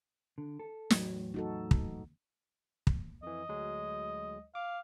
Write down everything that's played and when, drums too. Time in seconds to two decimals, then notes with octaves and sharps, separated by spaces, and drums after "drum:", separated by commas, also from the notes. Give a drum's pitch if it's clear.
0.38 D3
0.59 A4
0.90 E2 A2 F#3, drum: snare
1.34 D#4 F#4 A4
1.71 drum: kick
2.87 drum: kick
3.23 F2 E3 D#5
3.49 D2 F#3 G#3
4.55 F5 D6